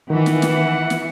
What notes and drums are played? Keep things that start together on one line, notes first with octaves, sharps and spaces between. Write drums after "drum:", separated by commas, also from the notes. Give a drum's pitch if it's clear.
D#3 E3 F#5
drum: snare
drum: snare
drum: snare